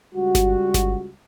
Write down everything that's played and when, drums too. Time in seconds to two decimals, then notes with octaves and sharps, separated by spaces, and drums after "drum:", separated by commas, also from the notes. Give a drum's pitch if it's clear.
0.15 C#2 G3 F#4
0.35 drum: snare G1
0.74 drum: snare G1